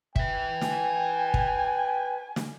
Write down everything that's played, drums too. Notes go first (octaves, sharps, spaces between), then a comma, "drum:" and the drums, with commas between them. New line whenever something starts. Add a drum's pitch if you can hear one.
B4 E5 G5, drum: kick
G#5, drum: snare
drum: kick
drum: snare